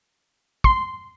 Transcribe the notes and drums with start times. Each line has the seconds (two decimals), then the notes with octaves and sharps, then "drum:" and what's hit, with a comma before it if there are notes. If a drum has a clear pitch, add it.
0.64 C6, drum: kick